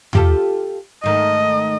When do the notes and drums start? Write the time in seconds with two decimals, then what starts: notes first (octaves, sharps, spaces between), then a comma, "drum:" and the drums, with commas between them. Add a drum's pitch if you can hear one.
0.13 F4 G4 A4, drum: tom
1.04 G#2 D#3 A3 D#5